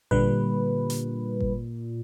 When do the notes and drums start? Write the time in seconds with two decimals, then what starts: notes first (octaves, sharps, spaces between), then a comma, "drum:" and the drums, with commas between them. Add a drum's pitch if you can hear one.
0.11 A#2 D3 G3 B4, drum: kick G#1
0.90 drum: hi-hat
1.40 drum: kick G#1